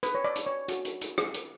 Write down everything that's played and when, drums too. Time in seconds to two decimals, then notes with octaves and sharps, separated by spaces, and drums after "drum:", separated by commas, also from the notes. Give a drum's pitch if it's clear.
0.03 B4, drum: hi-hat
0.15 C#5
0.24 D5
0.36 drum: hi-hat
0.46 C#5
0.68 F#4, drum: hi-hat
0.85 drum: hi-hat
1.01 drum: hi-hat
1.18 drum: rim click
1.34 drum: hi-hat